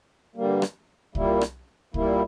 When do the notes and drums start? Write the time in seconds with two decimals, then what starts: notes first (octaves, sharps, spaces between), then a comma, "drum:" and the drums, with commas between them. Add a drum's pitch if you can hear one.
0.35 G2 D3 G3 A#3
0.62 drum: rim click
1.15 A#2 G3 A#3 E4, drum: kick C2
1.41 drum: rim click
1.94 A#2 G3 A#3 E4, drum: kick C2